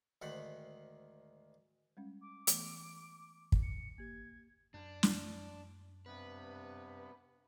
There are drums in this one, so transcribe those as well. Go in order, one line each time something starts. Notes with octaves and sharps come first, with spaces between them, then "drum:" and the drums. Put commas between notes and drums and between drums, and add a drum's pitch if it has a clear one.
D2 G#2 D#3 C5 F#5 B5
G3 G#3 C#4
D6
E3 A3 B3, drum: hi-hat
drum: kick
C#7
A#3 G4 G#6
F#2 D4
drum: snare
G2 C3 B3 B4